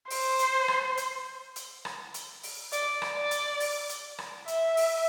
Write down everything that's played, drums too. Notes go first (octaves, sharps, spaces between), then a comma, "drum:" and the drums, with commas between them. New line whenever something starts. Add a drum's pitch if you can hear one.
C5, drum: open hi-hat
drum: hi-hat
drum: rim click
drum: hi-hat
drum: hi-hat
drum: rim click
drum: hi-hat
drum: open hi-hat
D5, drum: hi-hat
drum: rim click
D5
drum: hi-hat
drum: open hi-hat
drum: hi-hat
drum: rim click
E5, drum: hi-hat
drum: open hi-hat